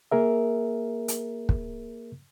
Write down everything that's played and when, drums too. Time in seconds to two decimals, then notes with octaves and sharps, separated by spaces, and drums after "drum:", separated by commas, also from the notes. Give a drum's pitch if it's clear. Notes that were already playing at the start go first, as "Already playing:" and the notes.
0.11 A#3 G#4 A#4 E5
1.08 drum: hi-hat
1.49 drum: kick